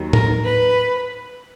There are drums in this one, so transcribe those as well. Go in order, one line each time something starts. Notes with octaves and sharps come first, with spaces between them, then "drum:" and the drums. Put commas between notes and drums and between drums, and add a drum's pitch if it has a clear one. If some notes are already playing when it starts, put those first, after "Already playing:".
Already playing: D#2 D#3 F#3
A#4, drum: tom A2
B4